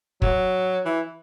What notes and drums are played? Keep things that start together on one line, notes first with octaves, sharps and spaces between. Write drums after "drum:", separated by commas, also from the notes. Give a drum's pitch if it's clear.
F#3, drum: kick
E3